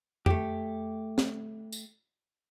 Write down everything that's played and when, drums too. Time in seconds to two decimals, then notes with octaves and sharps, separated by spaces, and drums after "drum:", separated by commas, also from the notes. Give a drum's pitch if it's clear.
0.26 A3 G4, drum: tom F2
1.18 drum: snare
1.73 drum: tambourine